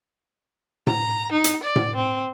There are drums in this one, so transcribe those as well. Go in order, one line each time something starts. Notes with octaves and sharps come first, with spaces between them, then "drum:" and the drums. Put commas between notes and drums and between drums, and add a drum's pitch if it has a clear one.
A#5, drum: tom A2
D#4
drum: hi-hat
D5
drum: tom A2
C4